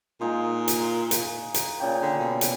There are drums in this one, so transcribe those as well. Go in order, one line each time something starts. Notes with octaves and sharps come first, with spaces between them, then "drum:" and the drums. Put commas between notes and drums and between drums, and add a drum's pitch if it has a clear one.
A#2 G#3 D#4 F4
drum: hi-hat
drum: hi-hat
drum: hi-hat
A#2 C#3 G5
D3
B2
drum: hi-hat